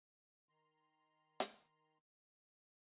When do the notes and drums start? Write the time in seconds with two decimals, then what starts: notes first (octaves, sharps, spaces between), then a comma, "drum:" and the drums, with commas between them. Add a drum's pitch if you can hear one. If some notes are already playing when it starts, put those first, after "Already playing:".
0.49 D#3 A#5 C6
1.40 drum: hi-hat